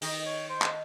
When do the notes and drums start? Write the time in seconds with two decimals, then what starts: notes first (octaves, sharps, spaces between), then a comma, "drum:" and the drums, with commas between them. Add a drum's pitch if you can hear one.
0.02 D#3 D#5, drum: open hi-hat
0.26 C#5
0.49 C5
0.62 drum: clap